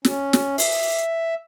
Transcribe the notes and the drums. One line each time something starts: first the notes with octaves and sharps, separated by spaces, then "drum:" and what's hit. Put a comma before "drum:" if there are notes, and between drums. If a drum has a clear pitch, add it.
C#4, drum: snare
drum: snare
E5, drum: open hi-hat